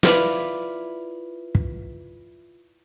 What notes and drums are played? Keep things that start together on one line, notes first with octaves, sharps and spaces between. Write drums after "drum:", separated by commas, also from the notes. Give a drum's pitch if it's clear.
E4 F4 B4 D5 F5, drum: snare
drum: kick